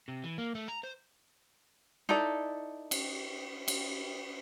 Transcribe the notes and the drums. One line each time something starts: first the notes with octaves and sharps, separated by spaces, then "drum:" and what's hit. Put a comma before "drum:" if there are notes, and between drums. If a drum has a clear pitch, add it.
C3
E3
A#3
A3
A#5
C5
D#4 E4 A4 D5
drum: cymbal
drum: cymbal